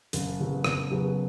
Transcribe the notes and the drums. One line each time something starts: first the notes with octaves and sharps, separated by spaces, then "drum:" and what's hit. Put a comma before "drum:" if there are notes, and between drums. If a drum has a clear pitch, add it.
F#1, drum: hi-hat
F#2 C#3 F#3 B3
F#1, drum: rim click
F#2 C#3 F#3 B3